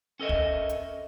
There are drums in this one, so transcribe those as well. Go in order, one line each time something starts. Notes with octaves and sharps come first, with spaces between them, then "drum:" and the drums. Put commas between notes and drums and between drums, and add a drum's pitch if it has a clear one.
C#4 A4 A#4 D#5 E5
drum: kick
drum: hi-hat